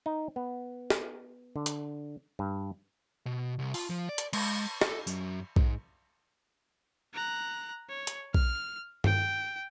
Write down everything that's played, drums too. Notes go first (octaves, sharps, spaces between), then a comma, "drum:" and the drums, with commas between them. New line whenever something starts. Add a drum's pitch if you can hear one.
D#4
B3
drum: snare
D3
drum: hi-hat
G2
B2
C2
F4, drum: open hi-hat
F3
D5
drum: hi-hat
G#3, drum: cymbal
A4, drum: snare
F#2, drum: tambourine
G#2, drum: kick A#1
A#5 F#6
C#5
drum: hi-hat
F6, drum: kick A#1
G5, drum: tom G2